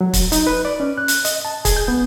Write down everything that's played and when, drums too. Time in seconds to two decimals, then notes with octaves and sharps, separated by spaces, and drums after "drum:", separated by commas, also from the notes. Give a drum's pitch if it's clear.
0.01 F#3
0.13 drum: kick C#1, hi-hat
0.32 D#4, drum: hi-hat
0.47 B4
0.65 D5
0.80 C#4
0.98 F#6
1.08 drum: hi-hat
1.25 D#5, drum: hi-hat
1.45 A5
1.65 G#4, drum: kick C#1, hi-hat
1.76 G6
1.88 B3